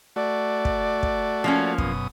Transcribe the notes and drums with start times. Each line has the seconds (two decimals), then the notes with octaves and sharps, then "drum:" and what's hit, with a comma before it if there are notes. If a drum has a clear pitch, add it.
0.16 A3 F#4 D5
0.65 drum: kick
1.03 drum: kick
1.44 F3 A#3 C#4
1.78 F#2 B2 D#6, drum: kick